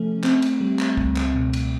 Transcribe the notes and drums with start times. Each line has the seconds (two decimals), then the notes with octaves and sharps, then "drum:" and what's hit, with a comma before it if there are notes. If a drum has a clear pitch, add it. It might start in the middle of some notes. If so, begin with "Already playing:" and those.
Already playing: C3 F3 A3 C#4
0.23 C4, drum: clap
0.42 drum: cymbal
0.61 G3
0.79 drum: clap
0.97 C#2, drum: kick
1.16 drum: clap
1.35 B2
1.53 drum: cymbal